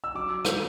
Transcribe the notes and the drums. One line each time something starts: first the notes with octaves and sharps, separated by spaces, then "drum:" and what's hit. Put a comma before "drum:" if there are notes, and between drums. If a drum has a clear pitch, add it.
E6
F#3 D6
drum: rim click